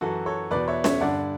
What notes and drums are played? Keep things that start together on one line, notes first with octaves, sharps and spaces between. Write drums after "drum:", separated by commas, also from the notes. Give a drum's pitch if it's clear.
F#2 E3 F#4 A4
A4 C#5
E2 B2 B4 D5
C#5 E5
C#5 E5, drum: snare C#4
G2 D3 D5 F#5